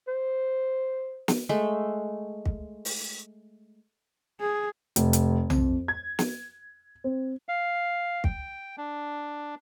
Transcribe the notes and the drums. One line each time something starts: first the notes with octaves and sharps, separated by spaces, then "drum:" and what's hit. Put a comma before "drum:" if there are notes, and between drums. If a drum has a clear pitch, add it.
C5
drum: snare
G#3 A3 E5
drum: kick
drum: open hi-hat
G#4
F1, drum: hi-hat
drum: hi-hat
F2, drum: tom B1
G#6
drum: snare
C4
F5
G5, drum: kick
D4